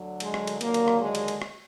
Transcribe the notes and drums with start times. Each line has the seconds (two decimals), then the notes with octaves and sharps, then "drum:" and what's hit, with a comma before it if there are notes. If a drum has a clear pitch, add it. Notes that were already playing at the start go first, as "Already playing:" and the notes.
Already playing: D2 D3 F#3
0.20 G#3, drum: cymbal
0.34 drum: rim click
0.47 drum: cymbal
0.61 D#2 D3 F#3 A#3, drum: cymbal
0.74 drum: cymbal
0.88 drum: rim click
1.01 G#3
1.15 drum: cymbal
1.28 drum: cymbal
1.42 drum: rim click